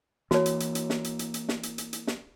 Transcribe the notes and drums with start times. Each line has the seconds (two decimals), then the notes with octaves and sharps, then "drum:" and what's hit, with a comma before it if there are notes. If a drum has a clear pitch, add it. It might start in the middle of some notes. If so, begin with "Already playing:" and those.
0.31 E3 A#3 F#4 C#5, drum: snare
0.46 drum: hi-hat
0.60 drum: hi-hat
0.75 drum: hi-hat
0.90 drum: snare
1.04 drum: hi-hat
1.19 drum: hi-hat
1.34 drum: hi-hat
1.49 drum: snare
1.63 drum: hi-hat
1.78 drum: hi-hat
1.93 drum: hi-hat
2.07 drum: snare